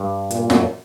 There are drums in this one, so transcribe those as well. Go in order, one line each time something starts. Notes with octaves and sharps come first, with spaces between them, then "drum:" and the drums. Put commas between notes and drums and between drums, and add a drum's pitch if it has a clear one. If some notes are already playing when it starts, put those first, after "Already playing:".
Already playing: G2
A#2, drum: hi-hat
F#2, drum: snare